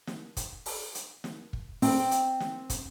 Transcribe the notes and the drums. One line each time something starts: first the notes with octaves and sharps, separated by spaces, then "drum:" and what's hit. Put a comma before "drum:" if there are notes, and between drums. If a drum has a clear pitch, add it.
drum: snare
drum: kick, hi-hat
drum: open hi-hat
drum: hi-hat
drum: snare
drum: kick
C4 G5, drum: open hi-hat
drum: hi-hat
drum: snare
drum: kick, hi-hat